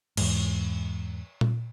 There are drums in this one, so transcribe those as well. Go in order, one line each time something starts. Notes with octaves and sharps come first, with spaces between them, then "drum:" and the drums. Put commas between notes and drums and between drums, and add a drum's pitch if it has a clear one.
E2 G#2, drum: cymbal
drum: tom A#2